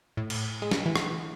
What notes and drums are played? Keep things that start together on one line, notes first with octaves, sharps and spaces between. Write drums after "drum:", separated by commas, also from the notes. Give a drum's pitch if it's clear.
A2
drum: cymbal
G#3
drum: snare
E3
drum: rim click